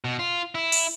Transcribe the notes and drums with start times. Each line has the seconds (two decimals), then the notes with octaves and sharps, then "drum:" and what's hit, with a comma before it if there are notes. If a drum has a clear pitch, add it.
0.04 B2
0.19 F4
0.55 E4
0.72 drum: open hi-hat